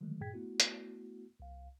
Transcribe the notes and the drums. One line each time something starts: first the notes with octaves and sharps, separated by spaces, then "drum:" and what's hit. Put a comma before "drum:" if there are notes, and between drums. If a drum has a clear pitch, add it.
D3 D#3 F3 F#3 G#3 A3
G2 A#2 G#4 G5 G#6 B6
A3 B3 E4 F#4
drum: hi-hat
C2 F5